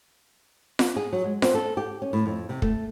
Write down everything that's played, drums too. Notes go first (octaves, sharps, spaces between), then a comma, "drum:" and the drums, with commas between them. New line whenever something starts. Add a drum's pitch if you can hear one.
drum: snare F4
G#4
F#3
G#3
C4, drum: snare F4
A4
G4
C#4
A2
F2
C3
A3, drum: kick